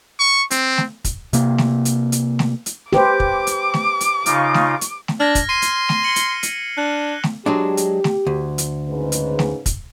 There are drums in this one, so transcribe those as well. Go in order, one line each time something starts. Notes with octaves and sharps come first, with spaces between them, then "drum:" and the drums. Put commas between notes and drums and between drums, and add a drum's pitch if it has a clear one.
C#6
C4, drum: hi-hat
drum: snare A3
drum: kick, hi-hat
C3 A#3, drum: hi-hat
drum: snare A3
drum: hi-hat
drum: hi-hat
drum: snare A3
drum: hi-hat
G4 B4 C5 D6, drum: snare A3
drum: kick
drum: hi-hat
drum: snare A3
drum: hi-hat
C#3 D#4 F4, drum: hi-hat
drum: snare A3
drum: hi-hat
drum: snare A3
D4 F6 G#6 A#6
drum: kick, hi-hat
C6 C7 D#7
drum: hi-hat
drum: snare A3
C#7 F#7 G7
drum: hi-hat
drum: hi-hat
D4 F#6
drum: snare A3
F#3 G#3 D4 G4
drum: hi-hat
drum: snare A3
D2
drum: hi-hat
G#2 C#3 B4
drum: hi-hat
drum: snare A3
drum: kick, hi-hat